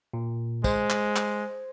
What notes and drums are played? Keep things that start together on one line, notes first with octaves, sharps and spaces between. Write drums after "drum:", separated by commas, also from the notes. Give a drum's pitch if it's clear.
A#2
G#3 C5, drum: kick, tambourine
drum: clap
drum: clap